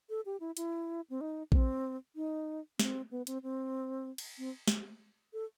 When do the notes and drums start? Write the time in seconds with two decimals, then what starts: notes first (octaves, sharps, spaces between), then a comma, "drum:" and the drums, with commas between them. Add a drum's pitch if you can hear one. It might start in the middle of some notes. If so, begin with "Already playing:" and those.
0.10 A4
0.25 G4
0.40 E4
0.57 E4, drum: hi-hat
1.10 C4
1.21 D#4
1.52 C4, drum: kick A#1
2.16 D#4
2.79 C4, drum: snare
3.11 B3
3.27 C4, drum: hi-hat
3.43 C4
4.18 drum: cymbal
4.38 C4
4.68 drum: snare
5.33 A4